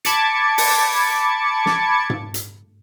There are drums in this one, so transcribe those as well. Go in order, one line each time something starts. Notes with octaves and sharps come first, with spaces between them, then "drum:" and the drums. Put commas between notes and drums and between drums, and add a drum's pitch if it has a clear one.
A5 B5 D6 G#6 A6 C#7, drum: hi-hat
drum: open hi-hat
drum: snare
drum: tom G#2
drum: hi-hat